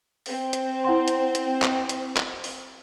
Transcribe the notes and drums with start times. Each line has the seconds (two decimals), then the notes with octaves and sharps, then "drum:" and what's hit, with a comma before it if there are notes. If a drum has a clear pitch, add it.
0.26 C4, drum: open hi-hat
0.53 drum: hi-hat
0.84 E4 F#5 C6
1.08 drum: hi-hat
1.35 drum: hi-hat
1.62 drum: clap
1.89 drum: hi-hat
2.17 drum: clap
2.44 drum: open hi-hat